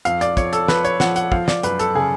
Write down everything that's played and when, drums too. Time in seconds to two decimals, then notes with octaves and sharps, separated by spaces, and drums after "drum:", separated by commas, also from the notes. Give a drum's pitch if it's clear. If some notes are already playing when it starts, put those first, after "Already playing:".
0.05 F2 F5, drum: hi-hat
0.21 D5, drum: hi-hat
0.37 F2 C#5, drum: kick, hi-hat
0.53 A4, drum: hi-hat
0.68 F3 B4, drum: snare
0.85 C#5, drum: hi-hat
1.00 F3 F#5, drum: snare
1.16 F#5, drum: hi-hat
1.32 F3 F5, drum: kick
1.48 D5, drum: snare
1.63 F#2 B4, drum: hi-hat
1.79 A4, drum: hi-hat
1.95 C#3 G#4